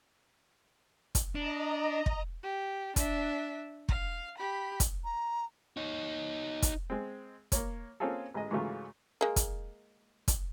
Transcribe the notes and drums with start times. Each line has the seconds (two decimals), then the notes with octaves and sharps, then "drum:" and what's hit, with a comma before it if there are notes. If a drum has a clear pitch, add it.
1.15 drum: kick, hi-hat
1.35 D4 D#5 A#5
2.06 drum: kick
2.43 G4
2.96 D4 E5, drum: kick, hi-hat
3.89 F5, drum: kick
4.38 G4 B5
4.80 drum: kick, hi-hat
5.04 A#5
5.77 D#4 C#5
6.62 drum: kick, hi-hat
6.90 G#3 C4
7.52 A#3 C#5, drum: kick, hi-hat
8.00 A#3 C4 C#4 F4 G#4 A4
8.34 A1 G#3 D#5
8.51 G#2 C#3 E3 F#3 A3 F4
9.21 G#3 A#3
9.36 drum: kick, hi-hat
10.28 drum: kick, hi-hat